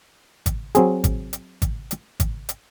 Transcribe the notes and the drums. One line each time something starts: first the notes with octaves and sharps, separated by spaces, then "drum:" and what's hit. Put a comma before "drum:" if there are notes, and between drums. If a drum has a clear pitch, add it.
drum: kick G#1, hi-hat
F#3 C4 G#4, drum: hi-hat
drum: kick G#1, hi-hat
drum: hi-hat
drum: kick G#1, hi-hat
drum: hi-hat
drum: kick G#1, hi-hat
drum: hi-hat